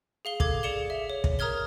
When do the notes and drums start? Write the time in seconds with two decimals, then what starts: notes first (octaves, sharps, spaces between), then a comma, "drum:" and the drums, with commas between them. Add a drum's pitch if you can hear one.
0.25 G#4 F5 G7
0.40 A4 D6 G#6, drum: kick
0.63 G#4 D5 C#7 E7 G7
0.90 E5
1.10 C#5
1.24 drum: kick
1.39 A#4 A#5 D#6 F6 G#6 G7